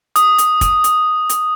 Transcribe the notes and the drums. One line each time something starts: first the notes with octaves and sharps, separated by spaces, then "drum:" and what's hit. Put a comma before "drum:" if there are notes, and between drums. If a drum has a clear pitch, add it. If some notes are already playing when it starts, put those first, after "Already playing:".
D#6, drum: hi-hat
drum: hi-hat
drum: kick, hi-hat
drum: hi-hat
drum: hi-hat